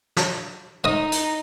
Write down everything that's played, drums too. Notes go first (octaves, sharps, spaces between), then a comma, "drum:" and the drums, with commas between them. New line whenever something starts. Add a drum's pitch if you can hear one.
drum: snare
D#4 D#5 D#6
drum: hi-hat